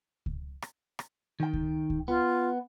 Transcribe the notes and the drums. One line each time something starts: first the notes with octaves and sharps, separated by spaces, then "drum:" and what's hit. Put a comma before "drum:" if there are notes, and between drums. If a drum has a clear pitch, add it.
drum: kick C#2
drum: rim click
drum: rim click
D#3 G5
drum: kick C#2
drum: kick C#2
B3 F4